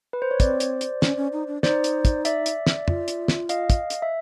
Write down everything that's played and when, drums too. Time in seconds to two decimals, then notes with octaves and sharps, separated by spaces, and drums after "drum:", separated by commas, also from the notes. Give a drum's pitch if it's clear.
0.13 B4
0.22 C5
0.31 C#5
0.40 C4 C5 D5, drum: kick, hi-hat
0.60 drum: hi-hat
0.81 drum: hi-hat
1.02 C#4, drum: snare
1.17 C#4
1.33 D#4
1.47 D4
1.63 D#4 C5 D5, drum: snare
1.84 drum: hi-hat
2.05 drum: kick, hi-hat
2.25 D5 E5, drum: hi-hat
2.46 drum: hi-hat
2.67 drum: snare
2.88 F4, drum: tom
3.08 drum: hi-hat
3.28 drum: snare
3.49 D#5 F5, drum: hi-hat
3.70 drum: kick, hi-hat
3.90 drum: hi-hat
4.02 E5